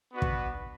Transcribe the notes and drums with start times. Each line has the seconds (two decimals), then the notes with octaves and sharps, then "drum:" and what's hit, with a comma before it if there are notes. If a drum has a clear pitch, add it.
0.12 B3 D4 F#4 B4
0.22 drum: kick